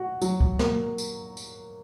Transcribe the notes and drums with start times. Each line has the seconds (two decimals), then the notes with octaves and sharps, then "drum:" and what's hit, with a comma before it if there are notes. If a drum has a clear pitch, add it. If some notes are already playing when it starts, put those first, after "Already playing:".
Already playing: F#4
0.22 F#3, drum: tambourine
0.40 drum: kick C#2
0.59 A#3, drum: snare
0.98 drum: tambourine
1.37 drum: tambourine